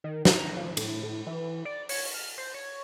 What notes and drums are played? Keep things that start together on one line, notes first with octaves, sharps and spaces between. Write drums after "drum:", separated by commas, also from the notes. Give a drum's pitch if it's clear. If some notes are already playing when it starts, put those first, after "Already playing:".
D#3
A#5, drum: snare
F3
A2, drum: cymbal
A2
E3
D5
C#5, drum: open hi-hat
F6
C5
C#5